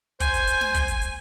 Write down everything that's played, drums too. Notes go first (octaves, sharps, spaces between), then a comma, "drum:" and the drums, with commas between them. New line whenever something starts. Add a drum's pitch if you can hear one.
C5 G#5, drum: kick, hi-hat
drum: hi-hat
drum: hi-hat
drum: snare
drum: kick, hi-hat
drum: hi-hat
drum: hi-hat